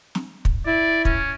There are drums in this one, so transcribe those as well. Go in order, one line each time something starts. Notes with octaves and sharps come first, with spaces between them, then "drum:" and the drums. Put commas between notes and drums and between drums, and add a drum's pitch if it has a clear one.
drum: snare
drum: kick
E4 D5
C#4, drum: kick